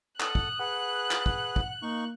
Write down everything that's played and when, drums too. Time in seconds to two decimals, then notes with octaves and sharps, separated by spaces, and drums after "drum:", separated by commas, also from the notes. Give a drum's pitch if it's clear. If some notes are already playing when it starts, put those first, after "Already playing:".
0.20 A4 F#5 D#6 F#6, drum: clap
0.35 drum: kick
0.59 G#4 B4 F#5
1.11 drum: clap
1.26 drum: kick
1.56 drum: kick
1.82 A#3 D#4 C#6